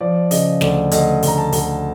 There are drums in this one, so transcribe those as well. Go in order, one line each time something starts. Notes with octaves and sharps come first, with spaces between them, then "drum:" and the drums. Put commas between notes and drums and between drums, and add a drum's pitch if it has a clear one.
F3 D5
C#3 D#5, drum: open hi-hat
D2 D5, drum: snare
D2 D#5, drum: hi-hat
D2, drum: open hi-hat
A#5
A5
D2, drum: open hi-hat